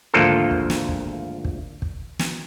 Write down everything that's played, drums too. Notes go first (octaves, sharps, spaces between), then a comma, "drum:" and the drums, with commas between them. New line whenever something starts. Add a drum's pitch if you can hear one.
G#1 D2 F3 A#3 F4 A4
drum: kick
drum: snare
drum: kick
drum: kick
drum: kick
drum: snare